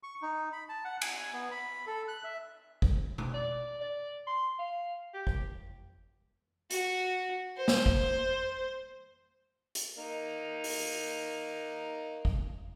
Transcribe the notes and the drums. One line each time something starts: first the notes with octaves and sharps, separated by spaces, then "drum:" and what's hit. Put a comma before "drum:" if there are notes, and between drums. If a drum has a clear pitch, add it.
C#6
D#4
B5
A5
F#5
G#5, drum: cymbal
B3
B5
A4
F#6
E5
drum: kick
drum: tom B2
D5
D5
C6
F5
G4
drum: kick
F#4, drum: hi-hat
C5
drum: snare
drum: kick
drum: hi-hat
A#3 D#4
drum: open hi-hat
drum: kick